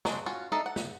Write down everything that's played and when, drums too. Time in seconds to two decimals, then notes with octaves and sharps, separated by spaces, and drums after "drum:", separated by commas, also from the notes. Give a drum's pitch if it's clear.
0.05 F#3 G#3 C4 D4, drum: snare
0.26 C#4 F4 F#4
0.52 D4 D#4 A4 D#5 E5
0.66 F#5
0.76 drum: snare